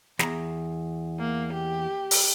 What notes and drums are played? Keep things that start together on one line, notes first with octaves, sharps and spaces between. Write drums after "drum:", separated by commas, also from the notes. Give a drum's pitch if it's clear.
E2 A#5, drum: snare
A#3
G4
drum: open hi-hat